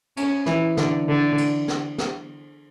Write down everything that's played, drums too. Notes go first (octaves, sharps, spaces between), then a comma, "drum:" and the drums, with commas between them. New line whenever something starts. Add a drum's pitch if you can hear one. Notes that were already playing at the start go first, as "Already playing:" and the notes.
C#4, drum: cymbal
E3, drum: snare
D3, drum: snare
D3
drum: cymbal
drum: snare
drum: snare